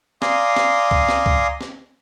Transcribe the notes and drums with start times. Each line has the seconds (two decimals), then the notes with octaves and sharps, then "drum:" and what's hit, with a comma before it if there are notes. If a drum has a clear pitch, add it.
0.22 D5 F5 G#5 A#5 C6 D#6, drum: snare
0.56 drum: snare
0.91 drum: kick C#2
1.09 drum: snare
1.26 drum: kick C#2
1.61 drum: snare